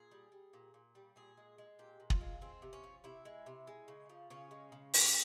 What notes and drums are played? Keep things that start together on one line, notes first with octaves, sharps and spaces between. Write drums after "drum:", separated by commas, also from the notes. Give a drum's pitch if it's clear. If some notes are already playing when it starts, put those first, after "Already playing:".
Already playing: A#2 G#4
G3
G3
A#2
A#2
G3
A#2 G#4
G#3
G#3
A#2 G4
A#2
F4, drum: kick
G#3
G#3 C4
C3
C#4
F3
C3 E4
G#3
C3
G#3
C#3
F3
C#3 C#4
G#3
C#3
G3, drum: open hi-hat